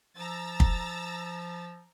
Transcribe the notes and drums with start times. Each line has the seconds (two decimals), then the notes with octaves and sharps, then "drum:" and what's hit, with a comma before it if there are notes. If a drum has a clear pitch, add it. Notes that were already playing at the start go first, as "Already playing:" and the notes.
0.17 F3 A#5 E6 A6
0.60 drum: kick